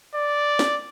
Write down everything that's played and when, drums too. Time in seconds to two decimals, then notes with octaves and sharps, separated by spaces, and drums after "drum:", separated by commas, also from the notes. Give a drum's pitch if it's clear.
0.15 D5
0.59 drum: snare